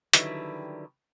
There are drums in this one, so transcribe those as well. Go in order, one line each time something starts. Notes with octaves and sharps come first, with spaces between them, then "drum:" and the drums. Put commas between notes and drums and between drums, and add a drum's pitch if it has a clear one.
D3 D#3 F#3 G3 E4 B4, drum: hi-hat